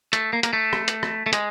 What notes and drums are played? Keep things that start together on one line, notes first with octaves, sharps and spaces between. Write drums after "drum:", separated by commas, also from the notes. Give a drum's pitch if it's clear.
A3, drum: hi-hat
A#3
A#3, drum: hi-hat
A3
drum: rim click
drum: hi-hat
drum: rim click
A3
G#3, drum: hi-hat